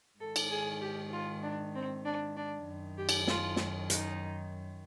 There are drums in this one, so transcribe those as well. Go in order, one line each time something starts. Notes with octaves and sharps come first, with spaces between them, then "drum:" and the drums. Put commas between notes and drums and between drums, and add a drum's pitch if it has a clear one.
G#2 D#3 A4
drum: cymbal
G#4
G4
F4
D4
C4
D4
D4
F#2 D#3
G4
drum: cymbal
F4, drum: snare
drum: snare
D#4, drum: hi-hat